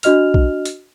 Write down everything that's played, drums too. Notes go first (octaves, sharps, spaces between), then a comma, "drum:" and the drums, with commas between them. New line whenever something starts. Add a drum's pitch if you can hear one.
D4 F#4 D#5 F6 F7, drum: hi-hat
drum: kick
drum: hi-hat